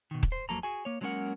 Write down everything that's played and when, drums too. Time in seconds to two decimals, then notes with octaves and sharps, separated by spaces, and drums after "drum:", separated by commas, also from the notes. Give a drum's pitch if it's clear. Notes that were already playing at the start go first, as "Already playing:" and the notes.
0.11 B2 D#3
0.23 drum: kick D#1
0.32 C5
0.49 F2 F#3 A#3 A4 A#5
0.63 F#4 G#4 G#5
0.85 A#3 C#5
1.01 F#3 G#3 A#3 C#4 A#4 F#5